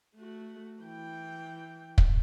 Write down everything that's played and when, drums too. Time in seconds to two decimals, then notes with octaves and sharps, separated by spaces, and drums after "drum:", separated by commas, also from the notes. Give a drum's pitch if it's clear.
0.16 A3 F#4
0.83 E3 G5
1.98 drum: kick